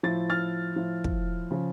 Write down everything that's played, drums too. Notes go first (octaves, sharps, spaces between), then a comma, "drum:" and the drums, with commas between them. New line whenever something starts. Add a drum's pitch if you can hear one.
A2 F3 A6
F6 A6
A2 F3
drum: kick
C#3 F3